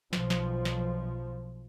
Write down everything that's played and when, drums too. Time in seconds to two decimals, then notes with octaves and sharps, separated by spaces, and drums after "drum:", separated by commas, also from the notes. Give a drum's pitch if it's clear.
0.13 B1 F3, drum: snare
0.30 drum: snare
0.65 drum: snare